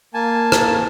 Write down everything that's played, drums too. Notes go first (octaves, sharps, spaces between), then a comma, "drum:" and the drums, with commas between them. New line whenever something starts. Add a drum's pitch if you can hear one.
A#3 G#5 A5
drum: rim click